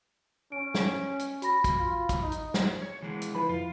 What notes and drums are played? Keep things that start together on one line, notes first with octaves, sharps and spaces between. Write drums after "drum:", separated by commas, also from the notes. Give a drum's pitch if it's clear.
C#4 D7
drum: snare
drum: hi-hat
F#4 B5 A#6, drum: hi-hat
drum: kick, hi-hat
F4
drum: kick, hi-hat
D#4
drum: hi-hat
drum: snare
C#5
E3 G#3
drum: hi-hat
F3 E4 B4 B5
F2 F4